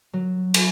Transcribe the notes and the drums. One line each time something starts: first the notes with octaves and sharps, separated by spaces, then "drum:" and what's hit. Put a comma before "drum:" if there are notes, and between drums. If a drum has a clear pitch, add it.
F#3
drum: cymbal